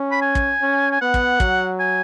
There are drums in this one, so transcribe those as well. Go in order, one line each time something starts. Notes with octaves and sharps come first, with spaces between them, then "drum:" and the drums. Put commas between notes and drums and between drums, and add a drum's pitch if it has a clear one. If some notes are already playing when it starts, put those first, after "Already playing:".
Already playing: C#4
B5
G#5
drum: kick
C#4
G#5
B3 F#5
drum: kick
F#3, drum: kick
G#5